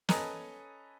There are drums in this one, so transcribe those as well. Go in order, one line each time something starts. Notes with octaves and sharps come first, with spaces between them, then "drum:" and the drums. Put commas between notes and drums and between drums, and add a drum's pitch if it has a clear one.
C#4 A4 B4 D#5 G#5 A#5, drum: snare